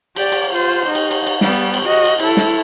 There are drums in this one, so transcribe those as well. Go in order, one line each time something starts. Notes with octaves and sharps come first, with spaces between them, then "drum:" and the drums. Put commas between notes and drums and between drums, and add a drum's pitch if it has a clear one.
G4 D5, drum: cymbal
drum: cymbal
F4 C5
D#4
drum: cymbal
drum: cymbal
drum: cymbal
G3 B3, drum: snare
drum: cymbal
F#4 D#5
drum: cymbal
E4 A4, drum: cymbal
drum: snare